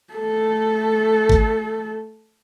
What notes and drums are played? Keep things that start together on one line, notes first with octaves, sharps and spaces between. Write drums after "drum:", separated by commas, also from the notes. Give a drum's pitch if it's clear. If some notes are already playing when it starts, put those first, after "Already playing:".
A3 A4
drum: kick G#1